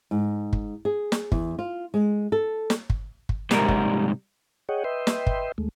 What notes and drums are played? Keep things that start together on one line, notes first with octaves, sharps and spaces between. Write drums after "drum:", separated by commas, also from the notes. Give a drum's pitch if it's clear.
G#2
drum: kick
G#4
drum: snare
E2, drum: kick
F4
G#3
A4
drum: snare
drum: kick
drum: kick
C2 G#2 G3 A#4, drum: snare
drum: kick
G#4 C#5 D#5 F#5 G5
B4 D#5 E5 G5 C6
drum: snare
drum: kick
D#2 G#3 A3